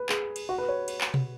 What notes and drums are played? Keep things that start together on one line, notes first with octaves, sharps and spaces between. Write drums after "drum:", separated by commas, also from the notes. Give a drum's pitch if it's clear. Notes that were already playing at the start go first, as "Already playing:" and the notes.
Already playing: B4
G#4, drum: clap
drum: cymbal
F#4
B4
C#5
drum: cymbal
drum: clap
drum: tom B2